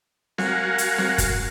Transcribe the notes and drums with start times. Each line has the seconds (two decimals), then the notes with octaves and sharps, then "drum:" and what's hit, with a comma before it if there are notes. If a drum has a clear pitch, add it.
0.38 F#4 A#4 F5 F#5 G#5, drum: snare C4
0.78 drum: hi-hat
0.98 drum: snare C4
1.18 drum: kick, hi-hat